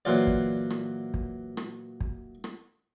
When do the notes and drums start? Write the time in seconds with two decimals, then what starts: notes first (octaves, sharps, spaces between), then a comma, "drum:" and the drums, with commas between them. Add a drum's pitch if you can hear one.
0.05 A#2 E3 F#3 F4 D5
0.27 drum: kick
0.70 drum: rim click
1.14 drum: kick
1.57 drum: rim click
2.00 drum: kick
2.44 drum: rim click